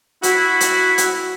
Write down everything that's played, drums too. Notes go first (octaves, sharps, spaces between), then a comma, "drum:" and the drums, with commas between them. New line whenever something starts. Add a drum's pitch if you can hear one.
E4 F#4, drum: hi-hat
drum: hi-hat
drum: hi-hat